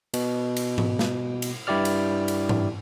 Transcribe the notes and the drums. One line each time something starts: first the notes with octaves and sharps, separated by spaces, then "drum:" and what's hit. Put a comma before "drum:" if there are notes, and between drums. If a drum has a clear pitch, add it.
B2, drum: cymbal
drum: cymbal
drum: tom G#2
drum: snare
drum: cymbal
G2 E4 G4 D5 F6
drum: cymbal
drum: cymbal
drum: tom G#2